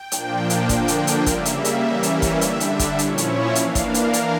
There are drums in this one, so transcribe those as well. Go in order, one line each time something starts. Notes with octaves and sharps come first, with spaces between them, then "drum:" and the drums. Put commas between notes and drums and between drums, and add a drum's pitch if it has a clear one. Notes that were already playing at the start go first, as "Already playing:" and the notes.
Already playing: G5
A#2 F3 A#3 D4, drum: hi-hat
drum: hi-hat
D3 F3 A#3 D4, drum: kick, hi-hat
drum: hi-hat
drum: hi-hat
C#3 G3 A#3 E5, drum: kick, hi-hat
drum: hi-hat
drum: hi-hat
E3 G3 A#3 C#4
drum: hi-hat
drum: kick, hi-hat
D3 G3 D4, drum: hi-hat
drum: hi-hat
drum: kick, hi-hat
A#2 F3 C#4 E4 C#5, drum: hi-hat
drum: hi-hat
E5
E3 A#3 D4 F5, drum: hi-hat
drum: kick, hi-hat
A#4
drum: hi-hat
drum: hi-hat